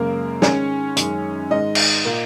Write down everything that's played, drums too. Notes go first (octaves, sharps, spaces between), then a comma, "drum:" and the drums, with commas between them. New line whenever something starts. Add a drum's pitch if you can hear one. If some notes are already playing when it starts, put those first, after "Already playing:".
Already playing: F#2 C#3 G#3 A#3 A#4
G#2 D#3 G#3 C#4 C#5, drum: snare
F#2 D#3 G#3, drum: hi-hat
G#2 D#3 G#3 D#4 D#5
drum: cymbal
A#2 A#3